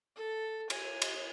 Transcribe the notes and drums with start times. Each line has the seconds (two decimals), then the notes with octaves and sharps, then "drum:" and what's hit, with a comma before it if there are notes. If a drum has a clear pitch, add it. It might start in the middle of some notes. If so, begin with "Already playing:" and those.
0.16 A4
0.70 G#5, drum: cymbal
1.02 drum: cymbal